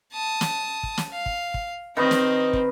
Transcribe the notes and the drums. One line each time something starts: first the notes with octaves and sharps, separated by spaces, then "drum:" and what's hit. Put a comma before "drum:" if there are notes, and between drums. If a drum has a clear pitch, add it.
A5 D#6
drum: snare
drum: kick
drum: snare
F5
drum: kick
drum: kick
D#3 C4 D#4 B4 D#5
drum: snare
drum: kick